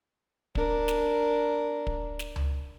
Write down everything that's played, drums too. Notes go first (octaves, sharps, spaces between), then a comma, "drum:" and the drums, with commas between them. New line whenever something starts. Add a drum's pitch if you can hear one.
D4 A#4, drum: kick
drum: snare
drum: kick
drum: snare
drum: tom C#2